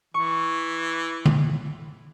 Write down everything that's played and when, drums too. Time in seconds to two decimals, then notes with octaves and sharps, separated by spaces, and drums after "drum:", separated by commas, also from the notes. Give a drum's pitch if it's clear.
0.14 E3 C#6
1.25 drum: tom D3